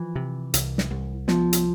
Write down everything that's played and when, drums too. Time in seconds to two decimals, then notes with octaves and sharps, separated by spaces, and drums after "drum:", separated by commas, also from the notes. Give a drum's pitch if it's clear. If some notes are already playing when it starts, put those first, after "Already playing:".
Already playing: E3 F3
0.16 C3
0.54 C2, drum: hi-hat
0.78 drum: snare
0.90 C2
1.28 F3 B3, drum: snare
1.53 drum: hi-hat